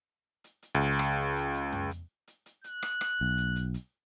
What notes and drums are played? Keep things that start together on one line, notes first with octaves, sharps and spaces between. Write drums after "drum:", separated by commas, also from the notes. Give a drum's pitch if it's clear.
drum: hi-hat
drum: hi-hat
C#2
drum: rim click
drum: hi-hat
drum: hi-hat
drum: tom
drum: hi-hat
drum: hi-hat
drum: hi-hat
F#6, drum: hi-hat
drum: rim click
drum: rim click
B1
drum: hi-hat
drum: hi-hat
drum: hi-hat